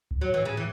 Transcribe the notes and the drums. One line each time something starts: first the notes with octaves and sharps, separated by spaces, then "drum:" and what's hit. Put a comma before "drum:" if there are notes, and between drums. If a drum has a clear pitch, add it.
drum: kick C2
F#3
E3
C#3
E3